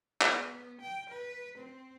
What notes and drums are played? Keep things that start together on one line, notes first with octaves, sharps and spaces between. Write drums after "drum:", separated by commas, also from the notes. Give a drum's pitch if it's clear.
B3, drum: clap
G5
B4
C4